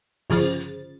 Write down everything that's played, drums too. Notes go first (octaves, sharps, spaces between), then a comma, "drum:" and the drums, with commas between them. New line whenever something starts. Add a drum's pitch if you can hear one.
G1 C#3 F3 A6, drum: open hi-hat
drum: hi-hat